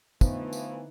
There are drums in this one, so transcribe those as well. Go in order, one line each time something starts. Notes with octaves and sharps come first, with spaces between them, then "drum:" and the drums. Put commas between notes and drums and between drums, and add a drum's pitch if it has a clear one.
D3 E3 F3 A3 B3 D#4 B4, drum: kick, tambourine
drum: tambourine